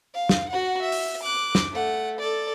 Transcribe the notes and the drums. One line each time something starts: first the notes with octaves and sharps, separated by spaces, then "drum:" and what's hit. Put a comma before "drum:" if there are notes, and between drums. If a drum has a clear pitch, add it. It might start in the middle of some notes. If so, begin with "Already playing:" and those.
F5
drum: snare
F#4 F#5
E5
drum: open hi-hat
D6 F#6
drum: snare
A3 F#5
A4 D5